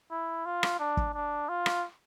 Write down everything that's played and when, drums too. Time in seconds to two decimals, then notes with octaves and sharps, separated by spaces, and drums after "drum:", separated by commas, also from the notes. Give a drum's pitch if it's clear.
0.11 E4
0.46 F4
0.63 drum: rim click
0.80 D4
0.97 drum: kick
1.14 D4
1.49 F4
1.66 drum: rim click